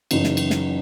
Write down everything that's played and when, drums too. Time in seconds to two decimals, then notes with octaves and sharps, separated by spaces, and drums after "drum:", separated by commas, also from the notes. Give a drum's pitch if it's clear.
0.11 F#1 F#2 C#3 E3 D#4, drum: cymbal
0.24 drum: snare
0.37 drum: cymbal
0.50 drum: snare